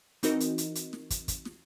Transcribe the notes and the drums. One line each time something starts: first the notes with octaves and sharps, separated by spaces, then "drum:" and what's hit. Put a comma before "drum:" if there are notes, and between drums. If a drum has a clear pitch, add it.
E3 C4 D#4 F#4 A#4 D#5, drum: hi-hat
drum: hi-hat
drum: hi-hat
drum: hi-hat
drum: snare
drum: kick, hi-hat
drum: kick, hi-hat
drum: snare